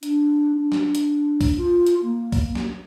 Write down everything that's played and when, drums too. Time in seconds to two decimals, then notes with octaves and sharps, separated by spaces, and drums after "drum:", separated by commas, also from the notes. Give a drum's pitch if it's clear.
0.03 D4, drum: hi-hat
0.55 D4
0.72 drum: snare
0.95 drum: hi-hat
1.41 drum: kick, open hi-hat
1.57 F4
1.87 drum: hi-hat
2.03 A#3
2.32 drum: kick, open hi-hat
2.55 drum: snare